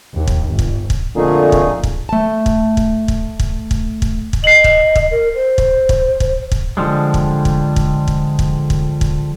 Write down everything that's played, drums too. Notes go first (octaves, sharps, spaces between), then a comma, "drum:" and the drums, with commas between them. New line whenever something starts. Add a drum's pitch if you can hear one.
D#2
drum: kick
G1
drum: kick
drum: kick
F2 A#2 D3 A3 D#4 G#4
drum: kick
drum: kick
A3 A5
drum: kick
drum: kick
drum: kick
drum: kick
drum: kick
drum: kick
drum: kick
D#5 C7 F#7
drum: kick
drum: kick
A#4
C5
drum: kick
drum: kick
drum: kick
drum: kick
D3 F3 G3 G#3
drum: kick
drum: kick
drum: kick
drum: kick
drum: kick
drum: kick
drum: kick